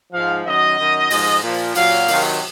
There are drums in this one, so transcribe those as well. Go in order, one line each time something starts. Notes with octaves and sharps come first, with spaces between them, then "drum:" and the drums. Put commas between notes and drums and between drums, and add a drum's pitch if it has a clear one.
G#2 F3 F5
F#2 D#3 F#3 D#5
F#2 D#3 F#3
G#2 F3, drum: open hi-hat
A#2 F3
A#2 F#3 F5, drum: open hi-hat
C3 D#3 F#3, drum: open hi-hat